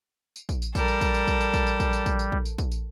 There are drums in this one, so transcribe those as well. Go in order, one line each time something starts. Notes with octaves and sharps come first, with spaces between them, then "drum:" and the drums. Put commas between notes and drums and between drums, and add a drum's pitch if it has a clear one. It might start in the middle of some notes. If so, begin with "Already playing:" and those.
drum: tambourine
drum: kick, tambourine
drum: tambourine
G3 A4 A#4, drum: kick, tambourine
drum: tambourine
drum: kick, tambourine
drum: tambourine
drum: kick, tambourine
drum: tambourine
drum: kick, tambourine
drum: tambourine
drum: kick, tambourine
drum: tambourine
drum: kick, tambourine
drum: tambourine
drum: kick
drum: tambourine
drum: kick, tambourine
drum: tambourine